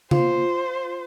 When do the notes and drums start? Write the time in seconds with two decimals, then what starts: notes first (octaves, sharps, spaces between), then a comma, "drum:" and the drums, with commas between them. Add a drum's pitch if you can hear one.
0.11 F4 C5, drum: tom C#3